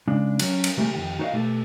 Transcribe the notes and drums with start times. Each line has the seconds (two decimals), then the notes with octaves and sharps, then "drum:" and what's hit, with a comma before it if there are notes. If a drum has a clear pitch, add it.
0.08 C#3 G#3 D4
0.39 F#3 C#4, drum: cymbal
0.64 drum: cymbal
0.77 C3 G3 A3 A#3 G4 G#4
0.93 F2 D#3 G4
1.19 D#4 F#4 B4 C5 D#5 F5
1.33 B2 A3 G4 A4